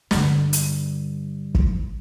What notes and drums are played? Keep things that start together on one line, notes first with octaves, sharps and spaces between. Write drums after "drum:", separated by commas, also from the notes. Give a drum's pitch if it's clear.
G2 D3, drum: snare
drum: hi-hat
drum: kick